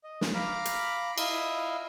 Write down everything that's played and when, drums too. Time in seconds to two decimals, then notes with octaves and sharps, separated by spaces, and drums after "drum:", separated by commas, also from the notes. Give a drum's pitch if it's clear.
0.04 D#5
0.21 drum: snare
0.34 F5 A#5 B5 D6 F6
0.65 drum: hi-hat
1.18 E4 D#5 F5, drum: cymbal